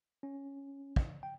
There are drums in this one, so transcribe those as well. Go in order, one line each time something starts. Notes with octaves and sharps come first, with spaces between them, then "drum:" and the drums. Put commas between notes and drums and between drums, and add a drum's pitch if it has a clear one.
C#4
drum: kick
G5